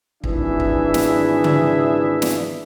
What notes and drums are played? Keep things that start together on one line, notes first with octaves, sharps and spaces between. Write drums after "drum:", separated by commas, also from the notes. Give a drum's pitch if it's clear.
G#1 E3 D4 G#4 E5, drum: kick
drum: kick
drum: snare
drum: tom C#3
drum: snare